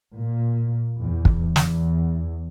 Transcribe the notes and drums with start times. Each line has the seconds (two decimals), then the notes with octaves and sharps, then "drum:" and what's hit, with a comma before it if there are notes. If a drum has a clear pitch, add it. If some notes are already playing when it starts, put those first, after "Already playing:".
0.17 A#2
0.99 E2
1.25 drum: kick
1.56 E2, drum: snare